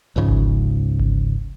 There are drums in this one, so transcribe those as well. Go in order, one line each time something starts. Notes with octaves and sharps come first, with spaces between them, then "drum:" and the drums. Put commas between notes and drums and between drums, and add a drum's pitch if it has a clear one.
C#2 G#2 C#3 F3
drum: kick G1
drum: kick G1